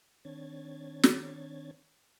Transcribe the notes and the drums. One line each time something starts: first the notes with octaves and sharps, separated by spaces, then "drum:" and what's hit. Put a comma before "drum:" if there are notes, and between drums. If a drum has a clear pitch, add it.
D#3 C4 D4 C#5 G#6 A6
drum: snare